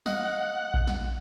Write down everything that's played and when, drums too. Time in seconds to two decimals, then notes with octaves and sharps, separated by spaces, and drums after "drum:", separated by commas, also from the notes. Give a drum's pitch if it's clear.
0.06 D#5 F5 F#5, drum: snare
0.74 drum: kick A#1
0.87 drum: snare